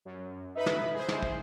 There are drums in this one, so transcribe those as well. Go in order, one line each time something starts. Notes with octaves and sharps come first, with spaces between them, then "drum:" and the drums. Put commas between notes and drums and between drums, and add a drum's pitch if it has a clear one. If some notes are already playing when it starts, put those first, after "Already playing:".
F#2
D#4 B4 E5 B5
drum: snare
G#4 C5
drum: snare
drum: kick